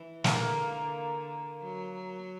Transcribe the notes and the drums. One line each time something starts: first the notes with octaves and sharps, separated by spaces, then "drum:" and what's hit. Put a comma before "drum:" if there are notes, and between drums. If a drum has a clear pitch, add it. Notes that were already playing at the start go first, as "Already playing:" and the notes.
Already playing: E3
D3 A#3, drum: snare
F#3